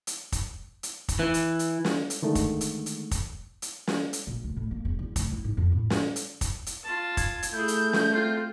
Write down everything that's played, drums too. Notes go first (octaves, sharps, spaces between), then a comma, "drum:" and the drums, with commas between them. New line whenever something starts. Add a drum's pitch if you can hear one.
drum: hi-hat
drum: kick, hi-hat
drum: hi-hat
drum: kick, hi-hat
E3
drum: hi-hat
drum: hi-hat
drum: snare
drum: hi-hat
D3 D#3 G#3 A3
drum: kick, hi-hat
drum: hi-hat
drum: hi-hat
drum: kick, hi-hat
drum: hi-hat
drum: snare
drum: hi-hat
A#1
D2
A2
A#3
E1
E2
F1, drum: kick, hi-hat
E4
G#2
F2
A2
drum: snare
drum: hi-hat
drum: kick, hi-hat
drum: hi-hat
F4 A5
G#6, drum: kick, hi-hat
drum: hi-hat
A3 E4 G#4 G6
drum: hi-hat
drum: snare
C4 F4